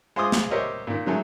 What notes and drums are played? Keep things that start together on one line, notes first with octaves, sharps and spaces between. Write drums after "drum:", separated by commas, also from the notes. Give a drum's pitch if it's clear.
G#3 F4 C5 C6 D6 D#6
drum: snare
G4 A#4 C5 C#5 D#5 E5
A#2 D#3
D#3 F#3 G#3 A3